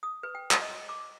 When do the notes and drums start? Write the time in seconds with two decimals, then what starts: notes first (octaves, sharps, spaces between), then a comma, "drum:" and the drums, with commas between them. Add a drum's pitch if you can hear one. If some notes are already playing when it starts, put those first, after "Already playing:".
0.03 D#6
0.23 B4
0.35 G5
0.51 drum: clap
0.62 D#5
0.89 D6